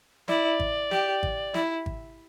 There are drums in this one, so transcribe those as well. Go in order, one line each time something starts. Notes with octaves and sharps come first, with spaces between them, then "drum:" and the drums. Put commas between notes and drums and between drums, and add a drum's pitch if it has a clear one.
E4 D5, drum: snare
drum: kick G#1
G4, drum: snare
drum: kick G#1
E4, drum: snare
drum: kick G#1